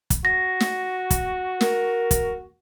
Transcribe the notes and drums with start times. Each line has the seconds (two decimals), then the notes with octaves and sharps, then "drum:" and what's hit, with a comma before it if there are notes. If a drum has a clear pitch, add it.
0.10 drum: kick, hi-hat
0.25 F#4 A#6
0.60 drum: snare
1.11 drum: kick, hi-hat
1.61 A#4, drum: snare
2.11 drum: kick, hi-hat